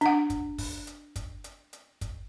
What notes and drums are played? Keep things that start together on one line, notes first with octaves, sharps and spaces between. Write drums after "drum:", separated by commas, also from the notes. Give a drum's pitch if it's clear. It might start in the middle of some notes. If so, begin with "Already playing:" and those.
D4 F#5, drum: hi-hat
drum: kick, hi-hat
drum: kick, open hi-hat
drum: hi-hat
drum: kick, hi-hat
drum: hi-hat
drum: hi-hat
drum: kick, hi-hat